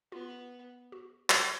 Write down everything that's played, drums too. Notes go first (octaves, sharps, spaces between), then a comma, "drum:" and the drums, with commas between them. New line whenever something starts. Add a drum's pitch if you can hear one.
B3 F4
F#4
drum: clap